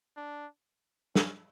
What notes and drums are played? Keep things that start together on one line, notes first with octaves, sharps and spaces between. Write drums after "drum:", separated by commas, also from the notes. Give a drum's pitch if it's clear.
D4
C#4, drum: snare